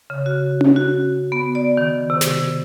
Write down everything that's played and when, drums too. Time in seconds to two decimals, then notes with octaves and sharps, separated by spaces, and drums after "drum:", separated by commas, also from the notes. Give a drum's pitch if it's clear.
0.10 C#3
0.26 F#4
0.61 drum: tom C#4
0.76 F#4
1.32 B3
1.55 D5
1.77 D#3
2.10 C3
2.21 drum: snare